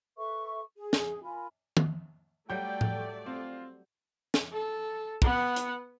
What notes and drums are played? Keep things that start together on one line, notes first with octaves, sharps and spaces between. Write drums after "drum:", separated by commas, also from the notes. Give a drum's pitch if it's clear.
A4 B4 E5 C#6
G#4
drum: snare
F4 A#4 G#5 B5
drum: tom D#3
F#3 G3 A3 D5 G5 G6
drum: tom A2
C4 F4
drum: snare
A4
B3 F#5, drum: kick
drum: hi-hat